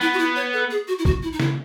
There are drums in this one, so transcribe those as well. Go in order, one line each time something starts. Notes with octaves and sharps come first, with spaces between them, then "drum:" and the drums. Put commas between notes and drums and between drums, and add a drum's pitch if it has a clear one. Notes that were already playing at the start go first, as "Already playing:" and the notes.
B3 E4
F#4
E4
C#5
A4
G#4
F#4
E4
F#4, drum: kick A#1
E4
D#4
E4, drum: snare